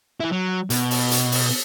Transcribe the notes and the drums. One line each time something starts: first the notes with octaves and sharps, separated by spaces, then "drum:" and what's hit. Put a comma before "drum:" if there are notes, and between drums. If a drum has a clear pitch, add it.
E3 E4
F#3
B2, drum: hi-hat
drum: open hi-hat
drum: hi-hat
drum: open hi-hat